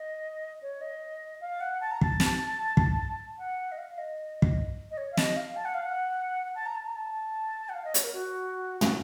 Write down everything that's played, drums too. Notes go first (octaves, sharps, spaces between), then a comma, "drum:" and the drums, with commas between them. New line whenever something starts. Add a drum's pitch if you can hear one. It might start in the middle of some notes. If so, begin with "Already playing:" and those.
Already playing: D#5
C#5
D#5
F5
F#5
A5
A#5
A5, drum: kick
drum: snare
drum: kick
F#5
D#5
F5
D#5
drum: kick
D#5
C#5
F5
D#5, drum: snare
F5
A5
F#5
F5
F#5
A5
A#5
A5
A#5
A5
F#5
F5
D#5
C#5, drum: hi-hat
A#4
F#4
F#4, drum: tom